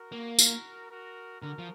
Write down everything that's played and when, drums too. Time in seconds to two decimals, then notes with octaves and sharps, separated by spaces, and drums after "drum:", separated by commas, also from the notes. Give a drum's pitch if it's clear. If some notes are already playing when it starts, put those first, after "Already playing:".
Already playing: F#4 A#4
0.12 A#3
0.39 F#4 A#4, drum: tambourine
0.90 F#4 A#4
1.41 D3 F#4 A#4
1.58 F3